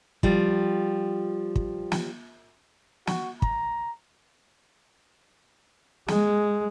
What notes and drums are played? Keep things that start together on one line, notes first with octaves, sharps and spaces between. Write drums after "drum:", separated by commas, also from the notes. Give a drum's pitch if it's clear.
F3 G3 F4, drum: kick
drum: kick
drum: snare
F#4, drum: snare
A#5, drum: kick
G#3, drum: snare